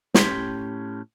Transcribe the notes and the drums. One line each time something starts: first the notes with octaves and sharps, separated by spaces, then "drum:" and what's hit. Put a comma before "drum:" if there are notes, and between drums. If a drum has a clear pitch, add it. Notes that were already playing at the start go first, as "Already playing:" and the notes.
A2 C#4 G4 C6, drum: snare